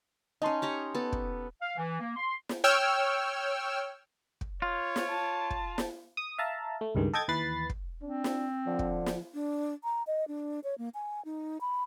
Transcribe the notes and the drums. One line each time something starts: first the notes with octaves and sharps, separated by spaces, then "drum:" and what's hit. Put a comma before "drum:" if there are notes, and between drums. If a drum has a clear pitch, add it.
C#4 D#4 D#5 A5 C6
G4 C#5 A#5
B3 A4
drum: kick
F5
E3
A#3
C6
drum: snare
C#5 G5 E6 F6
drum: kick
F4 C#5
drum: snare
A5
drum: kick
drum: snare
D#6
E5 F5 A5 A#5
A3
C#2 G2 D#3 G#3
A4 D#5 G5 G#6 A6
D#2 E3 B4 B5 A6 C7
drum: kick
C4 D4
drum: snare
D3 F3
drum: kick
drum: snare
D4
A#5
D#5
D4
C#5
A#3
G#5
D#4
B5